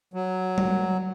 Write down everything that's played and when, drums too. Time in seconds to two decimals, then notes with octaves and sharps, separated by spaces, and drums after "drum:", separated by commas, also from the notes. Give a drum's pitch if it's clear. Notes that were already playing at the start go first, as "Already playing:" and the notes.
0.14 F#3
0.58 drum: tom F#3